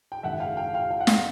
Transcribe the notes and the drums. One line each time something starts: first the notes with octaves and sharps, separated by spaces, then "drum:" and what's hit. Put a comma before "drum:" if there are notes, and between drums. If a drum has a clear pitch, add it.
G5
G#1 F#2 C#3 E5 F#5
F5 G5
F5 G5
F5 G5
F5 G5
F#5
F5 G5, drum: snare